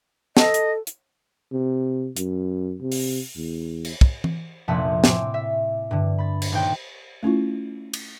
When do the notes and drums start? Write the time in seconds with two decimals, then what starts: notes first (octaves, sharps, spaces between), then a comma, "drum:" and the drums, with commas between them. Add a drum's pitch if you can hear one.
0.37 A4 D#5, drum: snare
0.54 drum: hi-hat
0.87 drum: hi-hat
1.52 C3
2.17 F#2, drum: hi-hat
2.82 C3
2.92 drum: open hi-hat
3.36 E2
3.85 drum: cymbal
4.01 drum: kick
4.24 drum: tom E3
4.68 F1 A#1 F2 E5 F#5 A5
5.04 A2 C4 C#5 G#5 D6 E6, drum: snare
5.34 E5
5.91 G2 D3
6.18 B5 A6
6.42 drum: cymbal
6.52 D#1 F#5 G5
7.23 A3 C#4 E4 F4
7.93 drum: cymbal